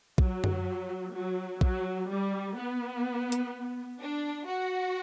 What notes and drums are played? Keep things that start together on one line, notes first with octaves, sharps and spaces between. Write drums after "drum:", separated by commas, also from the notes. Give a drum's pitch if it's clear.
F#3, drum: kick
drum: tom F#2
F#3
F#3, drum: kick
G3
B3
drum: hi-hat
D4
F#4